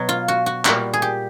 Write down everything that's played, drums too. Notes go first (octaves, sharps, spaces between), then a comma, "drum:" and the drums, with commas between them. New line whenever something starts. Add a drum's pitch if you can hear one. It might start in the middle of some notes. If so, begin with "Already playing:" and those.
Already playing: B2 F#3
F4
F#4
F#4
A#2 G3 F#4, drum: clap
G#4
G4